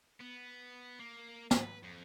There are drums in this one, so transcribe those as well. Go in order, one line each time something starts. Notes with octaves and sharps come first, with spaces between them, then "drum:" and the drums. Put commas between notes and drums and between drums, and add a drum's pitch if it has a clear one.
B3
A#3
B4, drum: snare
F2